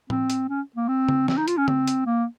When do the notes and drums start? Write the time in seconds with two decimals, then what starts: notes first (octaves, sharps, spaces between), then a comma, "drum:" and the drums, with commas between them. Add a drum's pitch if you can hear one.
0.10 C4, drum: tom A2
0.30 drum: hi-hat
0.49 C#4
0.76 A#3
0.89 C4
1.09 drum: tom C#3
1.28 C4, drum: snare
1.38 D#4
1.48 F4, drum: hi-hat
1.58 C#4
1.68 C4, drum: tom C#3
1.87 drum: hi-hat
2.07 A#3